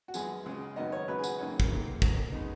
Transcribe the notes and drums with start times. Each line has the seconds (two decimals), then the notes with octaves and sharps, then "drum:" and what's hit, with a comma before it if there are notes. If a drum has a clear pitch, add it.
0.08 F#4
0.14 F#2 F3 G#3 B3 G#4, drum: tambourine
0.46 C#2 C#3 G#3
0.76 F#2 D#3 F#3 B3 D#5
0.92 C#5
1.08 C#2 C#3 F#3 B4
1.18 G#4
1.24 F#4, drum: tambourine
1.38 F#2 D#3 A#3 C#4
1.60 drum: kick
1.70 F#2 D#3 A#3
2.02 B2 A#3, drum: kick
2.32 C#3 G#3 B3 D#4